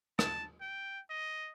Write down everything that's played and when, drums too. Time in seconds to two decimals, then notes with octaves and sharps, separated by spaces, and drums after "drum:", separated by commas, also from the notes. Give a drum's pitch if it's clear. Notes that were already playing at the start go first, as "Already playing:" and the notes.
0.19 A5, drum: rim click
0.61 G5
1.10 D#5